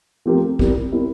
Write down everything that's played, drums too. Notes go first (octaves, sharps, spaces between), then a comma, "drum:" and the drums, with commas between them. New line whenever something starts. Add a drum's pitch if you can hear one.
F3 A3 C4 G4 A#4
G3 C4 E4 A#4, drum: kick
G3 C4 E4 A#4